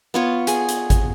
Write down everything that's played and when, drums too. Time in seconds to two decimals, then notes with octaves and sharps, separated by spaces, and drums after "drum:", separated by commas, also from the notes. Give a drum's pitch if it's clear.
0.14 B3 F4 C#5
0.47 G#4 G#5, drum: hi-hat
0.69 drum: hi-hat
0.90 drum: kick G#1, hi-hat